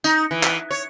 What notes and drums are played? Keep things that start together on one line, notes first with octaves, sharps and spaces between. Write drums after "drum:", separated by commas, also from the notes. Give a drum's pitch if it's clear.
D#4, drum: tambourine
E3
drum: clap
C#5